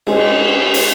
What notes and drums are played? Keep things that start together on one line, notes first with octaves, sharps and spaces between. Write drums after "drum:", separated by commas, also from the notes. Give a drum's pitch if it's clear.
G#3, drum: cymbal
drum: open hi-hat